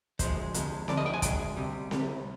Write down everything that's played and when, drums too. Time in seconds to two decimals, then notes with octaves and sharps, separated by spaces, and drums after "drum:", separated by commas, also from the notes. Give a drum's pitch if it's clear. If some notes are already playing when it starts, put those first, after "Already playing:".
0.19 D2 C3 F3 G#3 C5, drum: kick, hi-hat
0.54 D2 C3 F3 G#3, drum: hi-hat
0.88 D2 C3 F3 D5, drum: snare C4
0.97 D#5
1.06 G5
1.13 G#5
1.22 D2 C3 G#3 G5, drum: kick, hi-hat
1.57 C2 C3 G3
1.91 C2 C3 G3, drum: snare C4